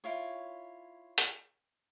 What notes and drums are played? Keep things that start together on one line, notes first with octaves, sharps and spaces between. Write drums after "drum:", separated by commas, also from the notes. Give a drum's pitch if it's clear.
E4 F4 C#5
drum: hi-hat